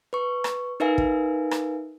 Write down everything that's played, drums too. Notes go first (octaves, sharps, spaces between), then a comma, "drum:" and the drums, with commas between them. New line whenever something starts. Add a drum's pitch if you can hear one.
B4 C#6
drum: rim click
D#4 A#4 B4 E5 F5 G#5
drum: kick
drum: rim click